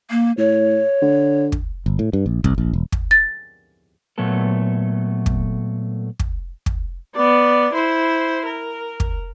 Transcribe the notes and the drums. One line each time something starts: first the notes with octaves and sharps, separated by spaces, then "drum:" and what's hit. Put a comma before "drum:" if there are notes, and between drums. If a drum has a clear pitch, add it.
A#3
A2 C#5
D3
drum: kick
G1
A2
G2
A#1
C2, drum: kick
A#1
E1
drum: kick
A6
A#2 F#3 A3 B3 A4
drum: kick
drum: kick
drum: kick
B3 D5
E4 C5
A#4
drum: kick